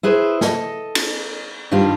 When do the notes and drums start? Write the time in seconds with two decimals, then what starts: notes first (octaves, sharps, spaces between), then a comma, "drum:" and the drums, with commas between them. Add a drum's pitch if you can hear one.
0.03 E4 G#4 B4 C5
0.41 A4 D#5, drum: snare
0.95 drum: cymbal
1.71 G2 D#3 G3 D4 F4